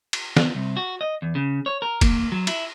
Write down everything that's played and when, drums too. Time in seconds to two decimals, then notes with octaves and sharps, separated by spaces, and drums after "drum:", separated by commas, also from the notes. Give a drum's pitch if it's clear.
0.13 drum: cymbal
0.37 drum: snare
0.55 C2
0.77 F#4
1.01 D#5
1.22 E2
1.35 C#3
1.66 C#5
1.82 A#4
2.01 A#3, drum: kick, cymbal
2.32 F#3
2.47 E4, drum: cymbal